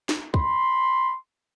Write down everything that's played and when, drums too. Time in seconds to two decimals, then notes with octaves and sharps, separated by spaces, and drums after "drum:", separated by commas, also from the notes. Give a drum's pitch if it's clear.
0.09 drum: snare
0.34 B5 C6, drum: kick